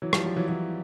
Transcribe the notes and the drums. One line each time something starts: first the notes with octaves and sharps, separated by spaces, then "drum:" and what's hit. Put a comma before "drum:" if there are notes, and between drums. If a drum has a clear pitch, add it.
E3 F#3
F3 G3, drum: rim click
F3 G3
E3 F#3
E3 F#3